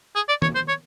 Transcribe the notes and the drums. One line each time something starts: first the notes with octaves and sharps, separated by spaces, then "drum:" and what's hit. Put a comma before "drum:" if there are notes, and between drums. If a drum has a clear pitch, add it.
G#4
D5
C#5, drum: tom D#3
C5
C#5